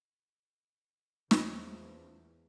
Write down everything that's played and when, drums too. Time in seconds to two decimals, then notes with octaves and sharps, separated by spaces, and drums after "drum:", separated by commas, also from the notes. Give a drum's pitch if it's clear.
1.31 E2 F3 G3 A3 C#4 B4 C#5 D#5, drum: snare